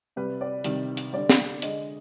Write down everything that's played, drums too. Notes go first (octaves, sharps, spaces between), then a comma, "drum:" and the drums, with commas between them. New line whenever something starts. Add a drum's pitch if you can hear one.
C3 G3 B4
D5
C3 D#3 G3, drum: hi-hat
drum: hi-hat
D3 G3 D5
drum: snare
D3 G#3 D#5, drum: hi-hat